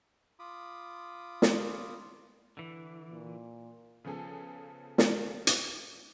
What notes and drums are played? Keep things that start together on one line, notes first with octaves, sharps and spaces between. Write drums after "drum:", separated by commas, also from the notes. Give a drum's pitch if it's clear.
F4 B5 D6 D#6
drum: snare
D3 E3
A#2
C#3 F3 B3 G#4 A4
drum: snare
drum: hi-hat